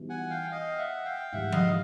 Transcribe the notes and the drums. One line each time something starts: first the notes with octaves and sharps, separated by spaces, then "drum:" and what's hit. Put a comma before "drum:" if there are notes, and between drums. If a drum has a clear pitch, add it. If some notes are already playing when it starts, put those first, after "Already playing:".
Already playing: E3 G3 B3 D#4 F#4
F#5 G#5
F5 G5
D#5 F5
E5 F#5
F5 G5
G#2 E3 G3 E5 F#5
D#5 F5, drum: tom F3